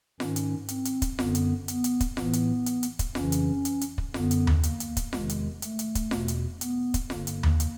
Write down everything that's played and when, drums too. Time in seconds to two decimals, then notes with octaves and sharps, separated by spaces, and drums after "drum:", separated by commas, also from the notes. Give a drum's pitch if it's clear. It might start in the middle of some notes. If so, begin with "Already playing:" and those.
0.20 G#2 D#3 C#4, drum: snare F4
0.36 drum: hi-hat
0.68 C4, drum: hi-hat
0.85 drum: hi-hat
1.02 drum: kick, hi-hat
1.19 F#2 D3 B3, drum: snare F4
1.35 drum: hi-hat
1.68 B3, drum: hi-hat
1.84 drum: hi-hat
2.00 drum: kick, hi-hat
2.17 A2 E3 B3, drum: snare F4
2.33 drum: hi-hat
2.66 drum: hi-hat
2.83 drum: hi-hat
2.99 drum: kick, hi-hat
3.15 F2 C#3 E3 C#4, drum: snare F4
3.32 drum: hi-hat
3.65 drum: hi-hat
3.81 drum: hi-hat
3.98 drum: kick
4.14 F#2 D3 B3, drum: snare F4
4.31 drum: hi-hat
4.47 drum: tom D#2
4.63 A#3, drum: hi-hat
4.80 drum: hi-hat
4.97 drum: kick, hi-hat
5.13 E2 C3 D#3 G#3, drum: snare F4
5.29 drum: hi-hat
5.62 A3, drum: hi-hat
5.79 drum: hi-hat
5.95 drum: kick, hi-hat
6.11 E2 B2, drum: snare F4
6.28 drum: hi-hat
6.61 B3, drum: hi-hat
6.94 drum: kick, hi-hat
7.10 G2 D3 A#3, drum: snare F4
7.27 drum: hi-hat
7.43 drum: tom D#2
7.60 drum: hi-hat